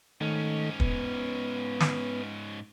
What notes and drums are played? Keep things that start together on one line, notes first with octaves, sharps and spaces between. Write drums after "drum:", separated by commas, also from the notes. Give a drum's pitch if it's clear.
G#2 D#3 A3 C#4
B3, drum: kick
drum: snare